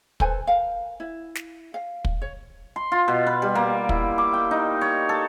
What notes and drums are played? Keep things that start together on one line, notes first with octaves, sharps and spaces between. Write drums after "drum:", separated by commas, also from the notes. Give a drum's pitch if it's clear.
A4 B4 C5 G#5, drum: kick
A#4 F5
E4
drum: snare
F5
drum: kick
C#5
C6
F4
B2
B4
G3
A#3
E4, drum: kick
D6
G5
D#4
C#5
A4